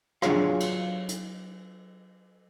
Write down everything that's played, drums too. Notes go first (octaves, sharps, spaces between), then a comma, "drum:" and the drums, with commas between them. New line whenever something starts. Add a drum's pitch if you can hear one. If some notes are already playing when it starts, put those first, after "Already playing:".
F#3 D4 F4 G#4 C#5 F5, drum: rim click
drum: cymbal
drum: hi-hat